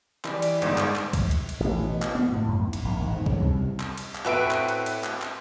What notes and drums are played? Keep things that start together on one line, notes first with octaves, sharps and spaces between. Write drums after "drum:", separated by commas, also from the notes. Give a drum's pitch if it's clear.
E3 G3 B4 D5, drum: clap
drum: cymbal
G1 G#2, drum: cymbal
drum: clap
drum: clap
drum: kick C2, cymbal
drum: cymbal
drum: cymbal
A1
B2
drum: clap
B3
A2
F#2
G#1
drum: cymbal
A#1
G#1
G#2
C#3, drum: kick C2
C2
drum: clap
drum: cymbal
drum: clap
A2 C4 F#4 B4 E5 D7
drum: clap
drum: cymbal
drum: cymbal
drum: clap
drum: clap